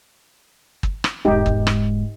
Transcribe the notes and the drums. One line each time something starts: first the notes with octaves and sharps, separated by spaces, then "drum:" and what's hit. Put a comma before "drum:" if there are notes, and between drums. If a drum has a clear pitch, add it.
drum: kick
drum: rim click
E1 G#2 D#4 G4
drum: kick
drum: rim click